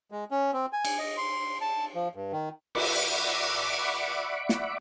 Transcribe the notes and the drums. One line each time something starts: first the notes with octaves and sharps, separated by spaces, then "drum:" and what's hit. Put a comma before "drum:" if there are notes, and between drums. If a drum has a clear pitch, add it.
G#3
C#4
C4
G#5
drum: cymbal
D#5
C6
A5
F3
G2
D#3
D5 E5 F#5 B5 C#6 D6, drum: cymbal
drum: snare